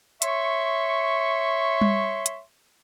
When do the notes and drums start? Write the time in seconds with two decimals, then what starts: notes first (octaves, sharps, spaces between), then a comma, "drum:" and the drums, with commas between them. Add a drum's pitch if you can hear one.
0.22 C#5 E5 C6 C#6, drum: hi-hat
1.81 drum: tom G3
2.26 drum: hi-hat